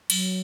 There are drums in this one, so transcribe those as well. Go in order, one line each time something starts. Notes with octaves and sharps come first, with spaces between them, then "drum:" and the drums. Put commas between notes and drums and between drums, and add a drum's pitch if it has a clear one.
F#3, drum: cymbal